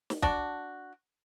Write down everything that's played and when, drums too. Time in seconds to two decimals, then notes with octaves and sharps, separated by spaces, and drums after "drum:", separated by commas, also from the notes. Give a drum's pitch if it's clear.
0.10 drum: snare
0.22 D4 F#4, drum: kick